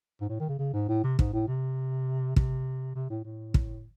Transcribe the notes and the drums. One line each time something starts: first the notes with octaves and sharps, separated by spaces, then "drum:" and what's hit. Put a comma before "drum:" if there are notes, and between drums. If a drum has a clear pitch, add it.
G#2
A2
D#3
C#3
C#3
G#2
A2
C3
G#2, drum: kick
A2
C3
C3, drum: kick
C3
A2
A2
drum: kick